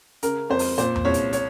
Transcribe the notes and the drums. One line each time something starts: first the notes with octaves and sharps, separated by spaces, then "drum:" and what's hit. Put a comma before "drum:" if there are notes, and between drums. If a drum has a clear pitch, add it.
C#3 A#4, drum: hi-hat
F2 C5
drum: open hi-hat
A#2 C5, drum: hi-hat
drum: tom E2
C2 C#5
drum: hi-hat
C#5, drum: hi-hat